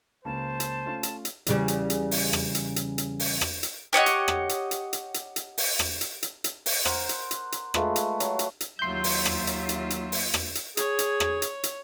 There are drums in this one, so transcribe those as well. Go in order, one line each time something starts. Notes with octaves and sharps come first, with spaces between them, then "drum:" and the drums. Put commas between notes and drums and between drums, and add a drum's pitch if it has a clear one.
C#2 C#3 A#3 C5 A5
drum: hi-hat
A3 C#4 F4
drum: hi-hat
drum: hi-hat
E2 C#3 G3, drum: hi-hat
drum: hi-hat
drum: hi-hat
drum: open hi-hat
drum: rim click
drum: hi-hat
drum: hi-hat
drum: hi-hat
drum: open hi-hat
drum: rim click
drum: hi-hat
G4 C#5 D#5 F#5
drum: hi-hat
drum: rim click
drum: hi-hat
drum: hi-hat
drum: hi-hat
drum: hi-hat
drum: hi-hat
drum: open hi-hat
drum: rim click
drum: hi-hat
drum: hi-hat
drum: hi-hat
drum: open hi-hat
A#4 C5 F#5, drum: rim click
drum: hi-hat
drum: hi-hat
drum: hi-hat
G#3 A3 F4 B4, drum: rim click
drum: hi-hat
F#3, drum: hi-hat
drum: hi-hat
drum: hi-hat
D#2 F#3 F4 E5 C6 G6
drum: open hi-hat
drum: rim click
drum: hi-hat
drum: hi-hat
drum: hi-hat
drum: open hi-hat
drum: rim click
drum: hi-hat
G#4 C#5, drum: hi-hat
drum: hi-hat
drum: rim click
drum: hi-hat
drum: hi-hat